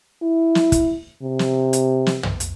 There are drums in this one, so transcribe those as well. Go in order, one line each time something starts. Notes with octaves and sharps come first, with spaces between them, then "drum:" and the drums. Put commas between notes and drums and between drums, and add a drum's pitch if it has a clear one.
E4
drum: snare
drum: kick, hi-hat
C3
drum: snare
drum: hi-hat
drum: snare
drum: tom
drum: hi-hat